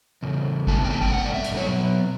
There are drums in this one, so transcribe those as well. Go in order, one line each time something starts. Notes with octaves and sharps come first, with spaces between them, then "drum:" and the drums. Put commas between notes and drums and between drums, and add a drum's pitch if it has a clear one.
E2 C#3
E2 B2 A3 C#4 A5, drum: kick G#1
G5
A5
G5, drum: kick G#1
G2 D3 A3 F#5
D5
E5
drum: hi-hat
B2 F#3 B3 C#5